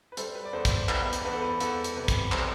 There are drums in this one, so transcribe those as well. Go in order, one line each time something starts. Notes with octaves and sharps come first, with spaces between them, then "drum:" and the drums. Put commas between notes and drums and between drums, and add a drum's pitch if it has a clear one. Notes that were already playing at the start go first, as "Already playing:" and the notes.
B4
G3 A4 C5, drum: hi-hat
B4
D5
E2 A4 C5
drum: kick, hi-hat
E2 B4, drum: clap
drum: hi-hat
E2 B4
A4
B4
E2 A4, drum: hi-hat
drum: hi-hat
C3 B4
drum: kick, hi-hat
G3 A4 C5, drum: clap